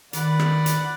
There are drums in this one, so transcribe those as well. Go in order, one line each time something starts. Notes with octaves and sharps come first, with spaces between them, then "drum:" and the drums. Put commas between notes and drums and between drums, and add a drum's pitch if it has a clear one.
D#3 B4 D5 F#5, drum: hi-hat
drum: rim click
drum: hi-hat